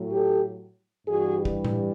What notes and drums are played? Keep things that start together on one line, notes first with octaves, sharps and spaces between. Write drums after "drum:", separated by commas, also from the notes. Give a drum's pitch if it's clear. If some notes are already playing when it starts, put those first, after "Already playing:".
Already playing: A2 F#3
G4 A4
G2 E3 G3 F#4 G#4
drum: kick
drum: tom A2